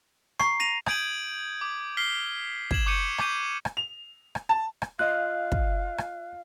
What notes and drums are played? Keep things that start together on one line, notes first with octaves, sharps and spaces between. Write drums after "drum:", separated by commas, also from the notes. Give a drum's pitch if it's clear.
A#5 C#6 C7, drum: rim click
A#6 D#7 F7
D#6 G6 G#6 D7 D#7 F#7, drum: rim click
D6
F6 B6 C7 G7
G#6 E7 F#7, drum: kick
C#6 D6 G6 C#7 D#7
C#6 D6 G6 D#7 F#7, drum: rim click
drum: rim click
F7
drum: rim click
A5
drum: rim click
F4 D#5 F5 F#6
drum: kick
drum: rim click